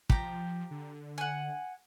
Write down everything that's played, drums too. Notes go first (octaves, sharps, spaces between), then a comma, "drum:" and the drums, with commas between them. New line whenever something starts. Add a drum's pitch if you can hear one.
F3 G4 A#5, drum: kick
D3
F#5 G#5